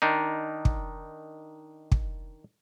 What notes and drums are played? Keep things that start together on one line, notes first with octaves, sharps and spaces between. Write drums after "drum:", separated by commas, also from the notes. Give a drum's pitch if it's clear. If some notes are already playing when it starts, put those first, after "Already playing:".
D#3 D4 D#4
drum: kick
drum: kick